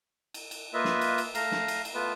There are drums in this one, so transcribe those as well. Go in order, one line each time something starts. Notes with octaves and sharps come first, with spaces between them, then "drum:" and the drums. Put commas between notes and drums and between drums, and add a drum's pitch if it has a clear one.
drum: cymbal
drum: cymbal
A#3 F4 B4 D#5 E5
drum: snare
drum: cymbal
drum: cymbal
A3 F5 A#5, drum: cymbal
drum: snare
drum: cymbal
drum: cymbal
A3 B3 F4 B4